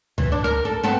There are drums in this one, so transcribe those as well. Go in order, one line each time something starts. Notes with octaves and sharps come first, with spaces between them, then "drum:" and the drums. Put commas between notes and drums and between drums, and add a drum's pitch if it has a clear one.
E3, drum: tom C#2
D4
A#4
A4
B3 C4 A4